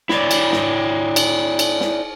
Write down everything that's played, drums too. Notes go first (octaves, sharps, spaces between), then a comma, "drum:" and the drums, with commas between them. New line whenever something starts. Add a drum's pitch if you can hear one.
E4 C#5 D5, drum: snare
drum: cymbal
drum: snare
drum: cymbal
drum: cymbal
drum: snare